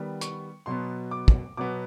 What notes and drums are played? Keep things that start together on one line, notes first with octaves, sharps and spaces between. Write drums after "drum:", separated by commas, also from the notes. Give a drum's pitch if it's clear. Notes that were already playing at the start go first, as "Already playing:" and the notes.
Already playing: D#3 G3 B3
C#6, drum: hi-hat
B2 F#3 B3 C6
D6
drum: kick
B2 F#3 B3 D6